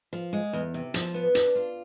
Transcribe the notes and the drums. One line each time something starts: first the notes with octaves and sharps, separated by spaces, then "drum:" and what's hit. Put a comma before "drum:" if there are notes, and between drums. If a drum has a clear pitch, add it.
F3
G#3
E2
C3
F3, drum: hi-hat
B3
D4, drum: hi-hat
F4